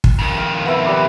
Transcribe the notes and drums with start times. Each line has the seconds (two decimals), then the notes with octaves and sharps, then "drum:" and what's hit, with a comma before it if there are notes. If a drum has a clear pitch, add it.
0.04 drum: kick
0.19 F2 D#3
0.38 F5
0.66 B3 E5 B5
0.85 G3 B4 D6